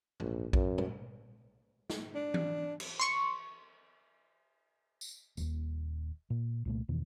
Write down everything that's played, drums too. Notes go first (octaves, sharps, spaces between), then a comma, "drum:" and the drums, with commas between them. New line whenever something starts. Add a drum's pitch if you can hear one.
A#1, drum: tom
F#2, drum: kick A#1
drum: tom
drum: snare
D4
drum: tom E3
drum: cymbal
C6 C#6 C#7
drum: tambourine
D#1 D#2, drum: tambourine
A#2
C2 A#2 A3
E2 B2 D#3